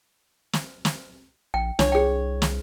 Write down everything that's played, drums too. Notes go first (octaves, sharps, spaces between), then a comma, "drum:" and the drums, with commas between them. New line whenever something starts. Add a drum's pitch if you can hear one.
drum: snare
drum: snare
A#1 G5
C2 D4 C#5, drum: snare
G#4 G5
drum: snare